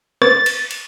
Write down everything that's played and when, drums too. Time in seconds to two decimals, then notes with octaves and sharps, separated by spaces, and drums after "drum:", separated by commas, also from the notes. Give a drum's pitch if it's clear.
0.22 A6, drum: rim click
0.46 drum: cymbal
0.71 drum: cymbal